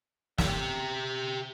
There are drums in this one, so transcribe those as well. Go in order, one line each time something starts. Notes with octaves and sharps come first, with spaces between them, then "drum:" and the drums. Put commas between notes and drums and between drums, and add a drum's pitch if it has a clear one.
G4 E5, drum: snare